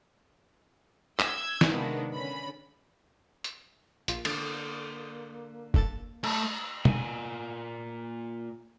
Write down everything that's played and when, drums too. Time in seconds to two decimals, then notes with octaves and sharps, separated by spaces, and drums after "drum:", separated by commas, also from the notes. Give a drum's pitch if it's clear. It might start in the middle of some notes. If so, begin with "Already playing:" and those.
1.19 E6 G6 G#6, drum: clap
1.61 drum: snare
1.70 C3 D#3 G#3 A#3 B3 D4
2.13 D3 C#4 B5
3.44 drum: hi-hat
4.08 A#1 A#3 F4, drum: hi-hat
4.25 D3, drum: cymbal
5.74 G2 A4 A6, drum: kick
6.24 A3 A5, drum: cymbal
6.85 A#2 G#5, drum: tom